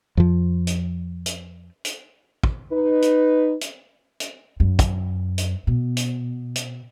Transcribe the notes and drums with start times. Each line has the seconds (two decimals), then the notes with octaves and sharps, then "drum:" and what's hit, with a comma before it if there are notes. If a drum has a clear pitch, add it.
0.17 F2 F3
0.67 drum: hi-hat
1.26 drum: hi-hat
1.85 drum: hi-hat
2.43 drum: kick
2.71 D#4 B4
3.02 drum: hi-hat
3.61 drum: hi-hat
4.20 drum: hi-hat
4.60 F#2
4.79 drum: kick, hi-hat
5.38 drum: hi-hat
5.67 B2
5.97 drum: hi-hat
6.55 drum: hi-hat